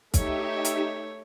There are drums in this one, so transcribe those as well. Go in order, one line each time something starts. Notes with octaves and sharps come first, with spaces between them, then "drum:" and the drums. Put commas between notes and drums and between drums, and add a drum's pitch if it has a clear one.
A3 D#4 G4 C#5 E5, drum: kick, hi-hat
drum: hi-hat